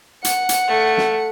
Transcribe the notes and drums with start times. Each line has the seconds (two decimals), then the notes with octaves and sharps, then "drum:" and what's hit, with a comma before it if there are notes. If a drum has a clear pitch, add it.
0.25 F#5 C#7, drum: hi-hat
0.49 drum: hi-hat
0.68 A3
0.97 drum: snare